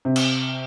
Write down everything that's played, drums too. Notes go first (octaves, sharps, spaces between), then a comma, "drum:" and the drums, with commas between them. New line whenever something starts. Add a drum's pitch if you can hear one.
C3
drum: cymbal